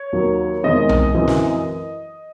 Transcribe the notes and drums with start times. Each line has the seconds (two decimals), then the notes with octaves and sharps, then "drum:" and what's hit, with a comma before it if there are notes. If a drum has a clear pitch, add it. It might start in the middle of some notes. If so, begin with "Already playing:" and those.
Already playing: C#5
0.13 D#2 D#3 F#3
0.64 E2 D#3 G#3 C4 D#5
0.89 drum: tom B1
1.14 F#2 E3 C4
1.28 drum: snare